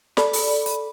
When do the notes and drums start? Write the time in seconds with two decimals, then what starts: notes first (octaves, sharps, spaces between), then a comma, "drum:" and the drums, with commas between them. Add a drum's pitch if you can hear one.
0.17 A4 D5 B5, drum: snare
0.33 drum: open hi-hat
0.66 drum: hi-hat